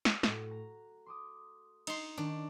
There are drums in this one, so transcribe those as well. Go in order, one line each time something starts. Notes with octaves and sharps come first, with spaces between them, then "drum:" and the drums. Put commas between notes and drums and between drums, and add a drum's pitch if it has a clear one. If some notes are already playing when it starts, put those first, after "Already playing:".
drum: snare
A2 A3 F#4, drum: snare
A#5
C6 D6 D#6
D#4 C6, drum: cymbal
D#3 C#4 D4 C7